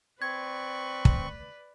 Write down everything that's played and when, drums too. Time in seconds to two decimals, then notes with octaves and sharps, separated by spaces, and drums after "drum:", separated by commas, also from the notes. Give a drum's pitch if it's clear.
0.22 C4 B4 D5 C#6 G#6
1.05 drum: kick